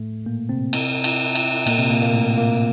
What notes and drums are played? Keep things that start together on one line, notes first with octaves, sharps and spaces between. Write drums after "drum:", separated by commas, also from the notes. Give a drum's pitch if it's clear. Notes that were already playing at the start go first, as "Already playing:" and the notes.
Already playing: A2 A3
A#2 A#3
C3 C4
drum: cymbal
drum: cymbal
drum: cymbal
A#2 A#3, drum: cymbal
C3 C4
A#2 A#3
A#2 A#3
A2 A3
A#2 A#3